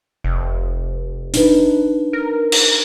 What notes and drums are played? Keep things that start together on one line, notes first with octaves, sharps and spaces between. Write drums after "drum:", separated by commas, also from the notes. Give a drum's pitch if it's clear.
F1
D4 D#4 B4, drum: hi-hat
A#4
drum: cymbal